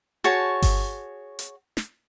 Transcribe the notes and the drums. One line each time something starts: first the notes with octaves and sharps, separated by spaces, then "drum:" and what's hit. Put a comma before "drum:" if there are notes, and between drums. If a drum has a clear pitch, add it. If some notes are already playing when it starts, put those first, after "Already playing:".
F#4 G#4 C#5 A5
drum: kick G1, open hi-hat
drum: hi-hat
drum: snare